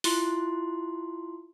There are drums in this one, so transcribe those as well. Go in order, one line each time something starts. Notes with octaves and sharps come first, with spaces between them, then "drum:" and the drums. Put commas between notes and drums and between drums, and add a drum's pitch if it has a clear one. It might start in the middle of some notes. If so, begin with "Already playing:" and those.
E4 F4 C6, drum: open hi-hat